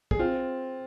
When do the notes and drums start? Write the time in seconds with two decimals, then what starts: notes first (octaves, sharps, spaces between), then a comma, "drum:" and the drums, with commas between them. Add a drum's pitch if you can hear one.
0.11 G#4, drum: kick
0.19 C4 F4